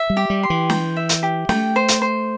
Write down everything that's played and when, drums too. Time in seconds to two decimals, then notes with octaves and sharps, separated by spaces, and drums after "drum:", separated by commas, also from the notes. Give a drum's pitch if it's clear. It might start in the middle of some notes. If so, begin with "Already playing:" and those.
Already playing: E5
0.10 G3
0.17 G4
0.30 G3
0.43 C6
0.50 E3
0.70 G5, drum: snare
0.96 E5
1.09 drum: hi-hat
1.23 G4
1.49 A3 G5, drum: snare
1.76 C5
1.88 drum: hi-hat
2.02 C5